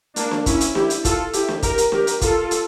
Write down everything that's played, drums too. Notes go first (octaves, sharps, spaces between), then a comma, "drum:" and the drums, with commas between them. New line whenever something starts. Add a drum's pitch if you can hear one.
A#3 D4, drum: hi-hat
drum: snare
C#4 E4, drum: kick, hi-hat
drum: hi-hat
E4 G4, drum: snare
drum: hi-hat
F4 A4, drum: kick, hi-hat
E4 G4, drum: hi-hat
drum: snare
G4 A#4, drum: kick, hi-hat
drum: hi-hat
G4 A#4, drum: snare
drum: hi-hat
F4 A4, drum: kick, hi-hat
drum: hi-hat